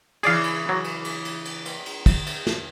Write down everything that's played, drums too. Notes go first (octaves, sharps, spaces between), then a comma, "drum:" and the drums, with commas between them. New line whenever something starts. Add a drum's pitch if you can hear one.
C#3 E3 G#4 D5 F5, drum: cymbal
drum: cymbal
F#3
drum: cymbal
drum: cymbal
drum: cymbal
drum: cymbal
drum: cymbal
drum: cymbal
drum: kick, cymbal
drum: cymbal
drum: snare